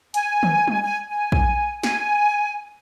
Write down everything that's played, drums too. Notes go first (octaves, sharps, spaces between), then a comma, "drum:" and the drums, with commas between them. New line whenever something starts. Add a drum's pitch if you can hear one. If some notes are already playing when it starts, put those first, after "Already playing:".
G#5, drum: hi-hat
drum: tom D#3
drum: tom G3
G#5
G#5
drum: kick
G#5, drum: snare